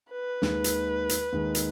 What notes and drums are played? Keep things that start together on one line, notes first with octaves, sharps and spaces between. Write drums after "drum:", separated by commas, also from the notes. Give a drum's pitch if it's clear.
B4
D#2 D#3 G#3, drum: snare
drum: hi-hat
drum: hi-hat
D#2 D#3 G#3
drum: hi-hat